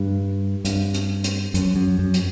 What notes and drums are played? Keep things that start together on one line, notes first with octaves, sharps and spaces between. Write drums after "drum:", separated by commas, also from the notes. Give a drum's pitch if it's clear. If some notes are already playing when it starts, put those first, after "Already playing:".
Already playing: G2
G2, drum: hi-hat
drum: hi-hat
drum: hi-hat
F#2, drum: hi-hat
F#2
F#2
drum: hi-hat